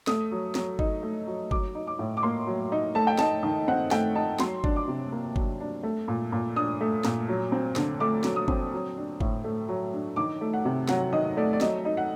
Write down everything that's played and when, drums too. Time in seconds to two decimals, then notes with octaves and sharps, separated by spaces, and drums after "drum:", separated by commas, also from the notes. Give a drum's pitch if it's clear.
0.07 A3 D#6, drum: snare
0.31 F#3
0.55 F#3, drum: snare
0.79 D#4, drum: kick G1
1.03 A3
1.27 F#3
1.51 F#3 D6, drum: kick G1
1.75 D#4
1.87 D6
1.99 A2
2.17 D6
2.23 A#3 C6
2.47 F#3
2.72 D#4
2.95 A3 A5
3.07 G5
3.19 D#4 A5, drum: snare
3.43 D#3
3.68 C4 F#5
3.91 A3 G5, drum: snare
4.15 D#4 A5
4.40 F#3 C6, drum: snare
4.64 D4, drum: kick G1
4.76 D6
4.88 C3
5.12 A#3
5.36 F#3, drum: kick G1
5.60 D4
5.83 A3
6.08 A#2
6.32 A#2
6.56 D4 D#6
6.81 A3
7.04 A#2, drum: snare
7.28 F#3
7.52 C4
7.76 D3, drum: snare
8.00 A3 D6
8.24 F#3, drum: snare
8.36 D#6
8.48 C4, drum: kick G1
8.73 F#3
8.97 D4
9.21 A2, drum: kick G1
9.44 A3
9.69 F#3
9.93 D4
10.16 D#3 D6
10.41 A3
10.54 F#5
10.65 C3
10.89 F#3 F#5, drum: snare
11.13 D#3 D#5
11.37 A3 D5
11.53 D5
11.61 F#3 D#5, drum: snare
11.85 D#4
11.97 F#5